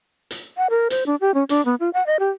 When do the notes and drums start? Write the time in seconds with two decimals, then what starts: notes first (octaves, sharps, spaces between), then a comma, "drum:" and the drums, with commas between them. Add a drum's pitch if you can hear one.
0.31 drum: hi-hat
0.57 F#5
0.70 A#4
0.90 C5, drum: hi-hat
1.06 D4
1.21 G4
1.34 C#4
1.49 D4, drum: hi-hat
1.65 B3
1.80 F4
1.93 F#5
2.07 D#5
2.19 G4